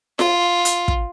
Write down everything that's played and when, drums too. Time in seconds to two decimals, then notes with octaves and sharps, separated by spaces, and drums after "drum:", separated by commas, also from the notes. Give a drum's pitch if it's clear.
0.19 F4, drum: snare F4
0.65 drum: hi-hat
0.88 drum: kick